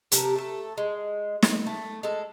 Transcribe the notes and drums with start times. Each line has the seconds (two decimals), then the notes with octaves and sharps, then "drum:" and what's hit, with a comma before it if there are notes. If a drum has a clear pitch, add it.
0.12 C3 G4 A4 A#4, drum: hi-hat
0.35 A3 A4
0.78 G#3
1.42 drum: snare
1.67 A3
2.03 G#3 A4